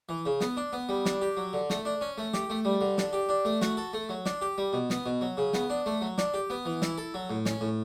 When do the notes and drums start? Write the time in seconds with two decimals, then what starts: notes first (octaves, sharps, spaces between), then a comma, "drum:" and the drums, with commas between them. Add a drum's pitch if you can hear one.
0.09 E3
0.26 C#3
0.41 B3, drum: snare
0.57 D4
0.73 B3
0.89 G3
1.05 D4, drum: snare
1.21 G4
1.37 F#3
1.53 D3
1.70 A3, drum: snare
1.85 D4
2.01 C#4
2.18 A3
2.34 G4, drum: snare
2.50 A3
2.65 G3
2.81 D3
2.98 D4, drum: snare
3.13 G4
3.29 D4
3.45 A3
3.62 F#4, drum: snare
3.77 A4
3.93 A3
4.09 F#3
4.26 D4, drum: snare
4.41 G4
4.58 G3
4.73 B2
4.90 B3, drum: snare
5.06 B2
5.21 F#3
5.37 C#3
5.53 B3, drum: snare
5.70 D4
5.86 A3
6.01 F#3
6.18 D4, drum: snare
6.34 G4
6.50 B3
6.65 E3
6.82 E4, drum: snare
6.98 A4
7.14 F#3
7.30 A2
7.45 C#4, drum: snare
7.61 A2